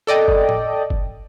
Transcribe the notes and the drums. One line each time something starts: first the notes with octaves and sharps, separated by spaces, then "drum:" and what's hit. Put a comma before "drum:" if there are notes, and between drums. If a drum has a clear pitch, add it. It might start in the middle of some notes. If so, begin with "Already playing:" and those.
A4 D5 D#5 G5
drum: kick
drum: tom A2
drum: kick